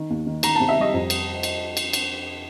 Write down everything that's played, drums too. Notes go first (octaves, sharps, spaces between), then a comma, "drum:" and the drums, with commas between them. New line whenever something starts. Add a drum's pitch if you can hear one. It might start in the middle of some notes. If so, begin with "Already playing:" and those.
Already playing: D#3
D#2
D#3
D#3 A#5, drum: cymbal
C3 A5
E5
G3 D#5
F2
drum: cymbal
drum: cymbal
drum: cymbal
drum: cymbal